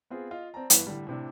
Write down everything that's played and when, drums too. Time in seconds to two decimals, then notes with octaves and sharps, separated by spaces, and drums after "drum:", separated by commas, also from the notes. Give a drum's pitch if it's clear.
0.10 B3 C4 F4 G#4
0.31 F4 D#5 F5
0.54 C4 D5 A5 A#5
0.70 G2 E3 B3, drum: hi-hat
0.87 A2 D3 G3
1.07 A2 C3 D4